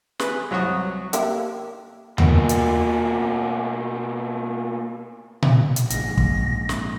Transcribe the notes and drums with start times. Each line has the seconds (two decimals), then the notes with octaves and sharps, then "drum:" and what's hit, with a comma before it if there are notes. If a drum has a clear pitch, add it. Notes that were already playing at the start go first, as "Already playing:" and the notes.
0.19 G#4 B4, drum: snare
0.51 C2 F#3 F#4 C#6 D#6
1.13 A#3 G4 E5, drum: hi-hat
2.18 B2 A#3, drum: tom D#2
2.49 drum: hi-hat
5.42 drum: tom A#2
5.76 drum: hi-hat
5.90 A#1 G#2 A#6, drum: hi-hat
6.17 drum: kick
6.69 drum: snare